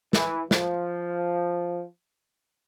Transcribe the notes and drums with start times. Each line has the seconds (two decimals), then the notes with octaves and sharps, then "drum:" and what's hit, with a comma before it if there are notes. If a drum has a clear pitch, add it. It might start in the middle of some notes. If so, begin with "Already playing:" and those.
0.13 E3, drum: snare
0.51 F3, drum: snare